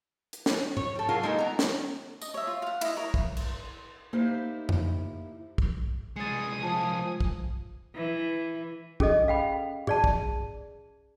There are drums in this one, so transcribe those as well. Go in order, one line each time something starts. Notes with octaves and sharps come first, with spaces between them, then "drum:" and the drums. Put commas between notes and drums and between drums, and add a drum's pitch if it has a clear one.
drum: hi-hat
drum: snare
C#5, drum: tom G#2
G3 A4
F#3 F4 G#4 A#4
G3 G#3 A#3 D#4 E4 A4
B3 A#5
drum: snare
D#5, drum: tambourine
C#5 E5
F4
F5 F#5
E4 D#5, drum: cymbal
A#4 C#5
drum: kick
drum: cymbal
A#3 D#4 E4 G4 C5 F5
drum: tom F2
drum: kick
C2 G#3 G#5 D#6 A6 C#7
F3 A5
drum: kick
E3
C#4 G#4 A4 D#5, drum: kick
F5 G5 B5
G#4 D5 A5, drum: tom G#2
drum: kick